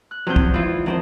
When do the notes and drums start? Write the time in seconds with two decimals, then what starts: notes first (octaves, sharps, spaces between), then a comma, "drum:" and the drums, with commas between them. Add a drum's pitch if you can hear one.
0.11 F#6
0.27 E2 C3 F3 F#3 G6
0.36 drum: kick
0.54 G#2 E3 F4
0.86 F2 D#3 D4 F4 C5